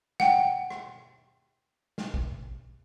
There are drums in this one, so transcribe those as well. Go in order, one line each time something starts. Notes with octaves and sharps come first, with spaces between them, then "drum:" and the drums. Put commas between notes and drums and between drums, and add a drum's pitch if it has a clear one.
F#5 G5, drum: snare
drum: rim click
drum: snare
drum: kick A1